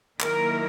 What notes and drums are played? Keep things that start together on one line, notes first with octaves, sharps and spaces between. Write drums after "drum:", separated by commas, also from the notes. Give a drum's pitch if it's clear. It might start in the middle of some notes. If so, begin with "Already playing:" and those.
D#3 F#3 A#3 E4 A#4, drum: clap